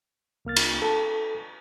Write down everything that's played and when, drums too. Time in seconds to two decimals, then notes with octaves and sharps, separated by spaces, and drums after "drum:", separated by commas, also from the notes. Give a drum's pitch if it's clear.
0.45 C2 A#3 F6 A6
0.56 drum: cymbal
0.82 A4 A5